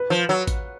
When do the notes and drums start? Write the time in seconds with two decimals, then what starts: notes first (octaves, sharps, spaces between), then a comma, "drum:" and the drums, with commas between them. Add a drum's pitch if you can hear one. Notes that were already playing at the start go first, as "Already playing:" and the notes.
Already playing: B4
0.10 F3
0.29 F#3
0.47 drum: kick A1, hi-hat